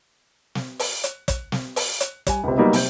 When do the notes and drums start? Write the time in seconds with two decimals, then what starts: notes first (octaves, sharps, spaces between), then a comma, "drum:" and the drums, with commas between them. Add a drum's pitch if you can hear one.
0.55 drum: snare
0.79 drum: open hi-hat
1.04 drum: hi-hat
1.28 drum: kick, hi-hat
1.52 drum: snare
1.76 drum: open hi-hat
2.00 drum: hi-hat
2.27 G3 G#5, drum: kick, hi-hat
2.44 C#2 C3
2.58 F#3 G3 A#3 B3 D#4 D#5
2.73 C3 G6, drum: open hi-hat